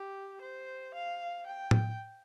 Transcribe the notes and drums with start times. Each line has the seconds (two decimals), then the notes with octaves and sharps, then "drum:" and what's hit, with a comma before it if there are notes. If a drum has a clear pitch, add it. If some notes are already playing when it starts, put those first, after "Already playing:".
Already playing: G4
0.42 C5
0.95 F5
1.47 G5
1.71 drum: tom A2